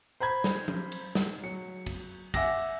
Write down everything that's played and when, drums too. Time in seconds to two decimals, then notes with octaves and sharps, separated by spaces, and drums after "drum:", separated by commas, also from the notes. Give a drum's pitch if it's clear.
0.20 C5 A#5 B5 G#6
0.44 drum: snare
0.68 drum: tom F3
0.92 drum: cymbal
1.15 drum: snare
1.43 F#3 C#7
1.86 drum: kick, cymbal
2.34 E5 F#5 G#5 D6 E6 A#6, drum: kick, cymbal